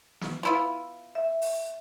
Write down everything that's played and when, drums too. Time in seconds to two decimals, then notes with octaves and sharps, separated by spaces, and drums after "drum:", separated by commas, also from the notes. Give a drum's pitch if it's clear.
0.21 drum: snare
0.43 B3 E4 F4
1.15 E5
1.42 drum: open hi-hat